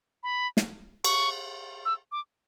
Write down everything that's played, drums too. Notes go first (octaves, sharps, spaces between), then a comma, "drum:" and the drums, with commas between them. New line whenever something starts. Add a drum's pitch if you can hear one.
B5
drum: snare
C#6, drum: cymbal
E6
D6